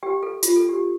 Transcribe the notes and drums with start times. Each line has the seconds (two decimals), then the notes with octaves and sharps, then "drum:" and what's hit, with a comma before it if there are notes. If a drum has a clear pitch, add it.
0.03 G4 G5
0.23 A4
0.43 F4, drum: hi-hat
0.56 A4
0.69 G4